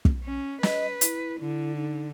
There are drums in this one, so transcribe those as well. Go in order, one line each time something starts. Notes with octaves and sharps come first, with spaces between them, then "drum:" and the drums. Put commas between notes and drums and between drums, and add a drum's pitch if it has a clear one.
drum: kick
C#4
B4 D#5, drum: snare
E4, drum: hi-hat
D3 E4
D#4